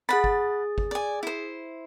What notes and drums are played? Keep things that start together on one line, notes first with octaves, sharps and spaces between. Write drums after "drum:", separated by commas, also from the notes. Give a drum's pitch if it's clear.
G#4 F#5 B5 A6
drum: kick G1
drum: kick G1
D5 G#5
E4 C5